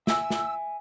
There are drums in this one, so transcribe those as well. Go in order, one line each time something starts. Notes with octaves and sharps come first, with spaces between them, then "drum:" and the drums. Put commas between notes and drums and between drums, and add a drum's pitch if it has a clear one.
E5 G#5 E6, drum: snare
drum: snare